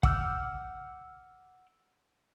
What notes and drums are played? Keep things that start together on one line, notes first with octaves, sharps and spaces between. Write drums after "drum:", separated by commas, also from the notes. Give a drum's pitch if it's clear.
F#5 D6 E6 F6 G6, drum: kick